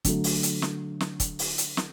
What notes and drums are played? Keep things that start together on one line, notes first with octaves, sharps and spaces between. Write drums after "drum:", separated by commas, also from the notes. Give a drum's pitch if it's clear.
D3 F#3 A3, drum: kick, hi-hat
drum: open hi-hat
drum: hi-hat
drum: snare
drum: snare
drum: kick, hi-hat
drum: open hi-hat
drum: hi-hat
drum: snare